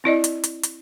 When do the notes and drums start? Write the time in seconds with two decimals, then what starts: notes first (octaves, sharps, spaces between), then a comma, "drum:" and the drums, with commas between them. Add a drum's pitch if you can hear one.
0.04 C4 E4 D5 D#5
0.24 drum: hi-hat
0.44 drum: hi-hat
0.63 drum: hi-hat